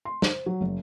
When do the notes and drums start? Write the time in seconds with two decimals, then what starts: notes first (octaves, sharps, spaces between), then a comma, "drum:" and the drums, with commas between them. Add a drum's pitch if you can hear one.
0.05 C6
0.22 C5, drum: snare
0.46 F#3
0.61 F#1